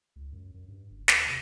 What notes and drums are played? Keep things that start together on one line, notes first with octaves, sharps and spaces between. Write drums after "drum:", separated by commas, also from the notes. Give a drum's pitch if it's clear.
C#2
F#2
F#2
G2
F#1
D#2, drum: snare
C3